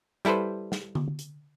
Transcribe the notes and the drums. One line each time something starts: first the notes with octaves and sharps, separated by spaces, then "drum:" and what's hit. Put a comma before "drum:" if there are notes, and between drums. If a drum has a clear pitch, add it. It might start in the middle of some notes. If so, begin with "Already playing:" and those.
G3 E4 A4 B4 C5, drum: hi-hat
drum: snare
drum: tom D3
drum: hi-hat